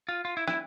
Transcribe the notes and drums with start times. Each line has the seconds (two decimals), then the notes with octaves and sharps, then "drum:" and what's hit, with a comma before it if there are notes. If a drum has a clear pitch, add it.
0.09 F4
0.25 F4
0.37 E4
0.48 E4, drum: rim click